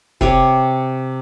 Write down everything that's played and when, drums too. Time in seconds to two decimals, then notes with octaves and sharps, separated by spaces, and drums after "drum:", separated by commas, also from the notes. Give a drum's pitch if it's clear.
0.21 C3 C#5 D6, drum: kick F1